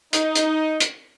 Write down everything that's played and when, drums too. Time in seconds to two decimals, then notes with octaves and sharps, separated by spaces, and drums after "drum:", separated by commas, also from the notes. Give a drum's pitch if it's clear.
0.13 D#4, drum: hi-hat
0.36 drum: hi-hat
0.80 drum: hi-hat